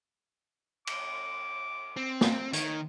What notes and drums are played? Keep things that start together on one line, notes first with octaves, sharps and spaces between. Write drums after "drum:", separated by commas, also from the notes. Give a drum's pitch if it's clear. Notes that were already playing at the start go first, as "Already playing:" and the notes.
D6, drum: cymbal
C4
drum: snare
D#3 C#5, drum: hi-hat